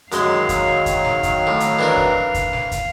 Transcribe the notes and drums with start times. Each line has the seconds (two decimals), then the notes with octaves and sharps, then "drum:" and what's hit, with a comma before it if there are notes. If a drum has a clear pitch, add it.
0.12 F#2 D#3 F#3 G#3 F5 C6, drum: hi-hat
0.49 drum: kick, hi-hat
0.86 drum: kick, hi-hat
1.04 drum: snare
1.23 drum: kick, hi-hat
1.47 A2
1.60 drum: hi-hat
1.79 E3 D4 A#4
1.97 drum: kick
2.34 drum: kick, hi-hat
2.53 drum: snare
2.71 drum: kick, hi-hat